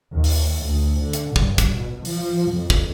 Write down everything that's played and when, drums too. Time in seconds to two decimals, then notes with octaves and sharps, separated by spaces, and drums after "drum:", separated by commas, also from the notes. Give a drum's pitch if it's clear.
0.11 D#2
0.24 drum: open hi-hat
0.64 D2
1.00 D3
1.13 drum: hi-hat
1.36 G2, drum: kick
1.58 drum: kick, hi-hat
1.73 B2
2.05 F3, drum: open hi-hat
2.51 F2
2.70 drum: kick